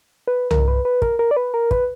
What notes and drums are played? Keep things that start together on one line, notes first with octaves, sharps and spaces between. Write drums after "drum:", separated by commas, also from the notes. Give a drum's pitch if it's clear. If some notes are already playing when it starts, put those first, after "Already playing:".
B4
A#4, drum: tom C2
B4
B4
A#4, drum: kick
A#4
D5
B4
A#4
B4, drum: kick